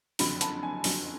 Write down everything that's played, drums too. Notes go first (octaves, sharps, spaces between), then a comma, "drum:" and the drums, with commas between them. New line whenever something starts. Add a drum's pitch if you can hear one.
F#1 F2 D3 F#3 B5, drum: open hi-hat
A5, drum: hi-hat
G#5
F#1 F2 D3 F#3, drum: open hi-hat